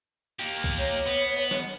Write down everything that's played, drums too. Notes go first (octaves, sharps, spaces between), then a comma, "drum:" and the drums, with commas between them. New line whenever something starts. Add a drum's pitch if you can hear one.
A#3 G4
drum: kick B1
C#5
B3, drum: cymbal
drum: open hi-hat
drum: snare